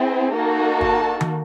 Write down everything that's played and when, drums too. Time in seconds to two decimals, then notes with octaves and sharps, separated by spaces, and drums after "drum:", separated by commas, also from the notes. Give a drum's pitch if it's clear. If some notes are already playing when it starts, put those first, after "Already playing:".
Already playing: C4 E4 G#4
0.35 A#3 D#4 F#4 A4
0.81 A5, drum: kick
1.21 drum: tom D#3